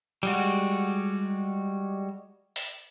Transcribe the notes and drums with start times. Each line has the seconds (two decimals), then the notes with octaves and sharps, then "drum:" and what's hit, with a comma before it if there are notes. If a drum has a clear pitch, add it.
0.23 G3 G#3 F#4, drum: cymbal
2.56 drum: open hi-hat